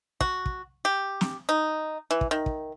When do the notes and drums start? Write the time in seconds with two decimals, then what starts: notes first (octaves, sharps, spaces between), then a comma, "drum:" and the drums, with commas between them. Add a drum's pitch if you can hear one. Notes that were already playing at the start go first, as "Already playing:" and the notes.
0.21 F#4, drum: kick
0.46 drum: kick
0.85 G4
1.21 drum: snare
1.49 D#4
2.11 E3
2.21 drum: kick
2.31 D#3
2.46 drum: kick